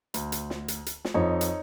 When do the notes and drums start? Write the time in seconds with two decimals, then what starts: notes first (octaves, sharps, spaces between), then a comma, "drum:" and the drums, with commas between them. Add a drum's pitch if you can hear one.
0.14 D2, drum: hi-hat
0.32 drum: hi-hat
0.50 drum: snare
0.68 drum: hi-hat
0.86 drum: hi-hat
1.05 drum: snare
1.14 F2 D#4 C#5
1.41 drum: hi-hat